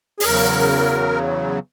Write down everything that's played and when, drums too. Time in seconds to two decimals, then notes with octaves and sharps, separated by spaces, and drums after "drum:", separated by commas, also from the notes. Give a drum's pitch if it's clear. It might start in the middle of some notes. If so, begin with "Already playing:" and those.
0.20 G#4, drum: open hi-hat
0.25 E2 C#3 F#3 A#4